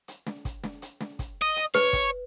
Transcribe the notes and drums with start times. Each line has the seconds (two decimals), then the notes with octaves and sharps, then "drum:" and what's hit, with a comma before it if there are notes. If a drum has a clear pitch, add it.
0.08 drum: hi-hat
0.27 drum: snare
0.45 drum: kick, hi-hat
0.64 drum: snare
0.82 drum: hi-hat
1.01 drum: snare
1.19 drum: kick, hi-hat
1.42 D#5
1.56 drum: hi-hat
1.75 B4 C#5, drum: snare
1.93 drum: kick, hi-hat